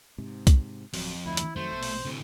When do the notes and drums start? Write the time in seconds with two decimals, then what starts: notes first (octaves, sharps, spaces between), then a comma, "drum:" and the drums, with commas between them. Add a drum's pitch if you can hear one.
0.18 G#2 C3
0.47 drum: kick C2, hi-hat
0.94 D1 F2 F#3, drum: open hi-hat
1.25 D2 E4
1.37 drum: hi-hat
1.56 F2 D#3 F#3 A3 C5
1.71 A#1 B2
1.83 drum: open hi-hat
2.05 D2 A2 C3